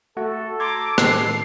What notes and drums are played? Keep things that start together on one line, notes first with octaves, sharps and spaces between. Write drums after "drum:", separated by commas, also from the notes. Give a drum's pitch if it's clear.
A3 F#4 A4 F#5
A#5 C6 D6 G#6
A2 D#3 C7, drum: rim click